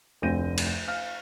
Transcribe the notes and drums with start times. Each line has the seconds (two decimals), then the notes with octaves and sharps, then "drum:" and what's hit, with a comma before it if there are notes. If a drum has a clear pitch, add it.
0.22 F1 D2 C4 G6 A#6 D#7
0.58 drum: cymbal
0.87 F5 F6